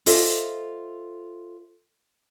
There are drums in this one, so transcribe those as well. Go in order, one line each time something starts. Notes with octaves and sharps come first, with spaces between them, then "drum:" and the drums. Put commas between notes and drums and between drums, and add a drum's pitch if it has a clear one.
F4 A4 C5 D#5 E5, drum: open hi-hat